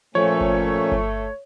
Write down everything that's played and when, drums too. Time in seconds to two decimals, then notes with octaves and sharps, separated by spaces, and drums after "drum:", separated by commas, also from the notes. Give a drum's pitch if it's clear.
0.15 A#2 F3 A3 C#4 C#5
0.41 drum: kick G1
0.92 drum: kick G1